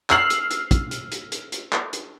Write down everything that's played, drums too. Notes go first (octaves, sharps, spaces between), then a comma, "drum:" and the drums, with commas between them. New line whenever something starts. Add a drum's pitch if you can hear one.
E6 F6 C7 F#7, drum: clap
drum: hi-hat
drum: hi-hat
drum: kick, hi-hat
drum: hi-hat
drum: hi-hat
drum: hi-hat
drum: hi-hat
drum: clap
drum: hi-hat